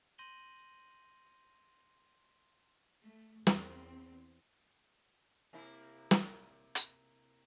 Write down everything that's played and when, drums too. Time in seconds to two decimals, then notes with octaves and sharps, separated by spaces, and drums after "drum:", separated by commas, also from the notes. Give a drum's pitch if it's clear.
0.18 C6 G6 A#6 D#7 F#7 G7
3.05 A3
3.47 E2 C4, drum: snare
5.53 C3 A#3 E4
6.11 drum: snare
6.75 drum: hi-hat